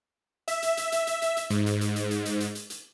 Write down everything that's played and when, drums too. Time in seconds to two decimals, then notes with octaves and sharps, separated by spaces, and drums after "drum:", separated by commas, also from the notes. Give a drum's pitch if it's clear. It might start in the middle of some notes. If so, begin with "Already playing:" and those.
0.48 E5, drum: hi-hat
0.62 drum: hi-hat
0.77 drum: hi-hat
0.92 drum: hi-hat
1.07 drum: hi-hat
1.22 drum: hi-hat
1.37 drum: hi-hat
1.50 G#2, drum: hi-hat
1.66 drum: hi-hat
1.81 drum: hi-hat
1.96 drum: hi-hat
2.11 drum: hi-hat
2.25 drum: hi-hat
2.40 drum: hi-hat
2.55 drum: hi-hat
2.70 drum: hi-hat